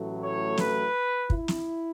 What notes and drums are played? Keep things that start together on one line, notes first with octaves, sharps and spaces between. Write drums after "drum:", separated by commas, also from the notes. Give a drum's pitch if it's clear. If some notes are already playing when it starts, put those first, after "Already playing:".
Already playing: A1 A2 F#3 A3
C#5
B4, drum: snare
E4, drum: kick
drum: snare